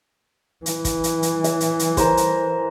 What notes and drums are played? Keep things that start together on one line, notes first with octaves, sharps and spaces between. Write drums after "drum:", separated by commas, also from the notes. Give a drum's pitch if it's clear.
E3, drum: hi-hat
drum: kick, hi-hat
drum: hi-hat
drum: hi-hat
E5, drum: hi-hat
drum: hi-hat
drum: hi-hat
A#4 C5, drum: kick, hi-hat
drum: hi-hat